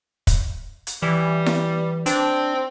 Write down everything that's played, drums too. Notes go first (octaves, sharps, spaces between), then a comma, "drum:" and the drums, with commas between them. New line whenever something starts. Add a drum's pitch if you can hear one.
drum: kick, hi-hat
drum: hi-hat
E3 G3
drum: snare E4
C4 D4, drum: hi-hat